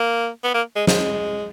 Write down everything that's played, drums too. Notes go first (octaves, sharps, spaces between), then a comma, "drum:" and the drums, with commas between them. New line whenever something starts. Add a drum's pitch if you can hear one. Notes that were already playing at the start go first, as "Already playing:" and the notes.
Already playing: A#3
B3
A#3
G#3
G#3, drum: snare